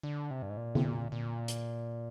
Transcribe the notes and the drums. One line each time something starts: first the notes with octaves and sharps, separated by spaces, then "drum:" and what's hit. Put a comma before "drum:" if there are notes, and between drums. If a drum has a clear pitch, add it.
D3
C3
G2
G#2
A#2
C3, drum: tom D3
A#2
A#2
drum: hi-hat